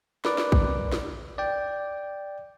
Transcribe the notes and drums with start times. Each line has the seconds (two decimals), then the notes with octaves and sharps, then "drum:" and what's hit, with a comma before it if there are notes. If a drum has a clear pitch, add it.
0.25 A#4 B4 D5 D6, drum: snare
0.38 drum: snare
0.52 drum: kick
0.92 drum: snare
1.38 D5 G5